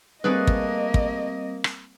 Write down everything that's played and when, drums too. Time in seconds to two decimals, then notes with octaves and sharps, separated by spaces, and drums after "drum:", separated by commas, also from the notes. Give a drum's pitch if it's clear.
0.24 G3 A3 A#3 C4 G#4 B4 D#5
0.47 drum: kick
0.94 drum: kick
1.64 drum: rim click